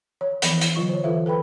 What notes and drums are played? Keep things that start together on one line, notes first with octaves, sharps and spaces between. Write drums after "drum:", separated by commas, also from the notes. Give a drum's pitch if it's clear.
C#5
E3 F3 B3 B5, drum: hi-hat
drum: hi-hat
D3 F#3 F4 C#6
C5 C#5
E3 F4 A4 B4 E5 F5
A4 B4 G5 B5